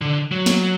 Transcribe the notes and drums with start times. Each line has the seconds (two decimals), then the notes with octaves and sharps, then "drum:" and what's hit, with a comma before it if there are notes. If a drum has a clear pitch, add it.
0.01 D3
0.32 F#3
0.46 drum: snare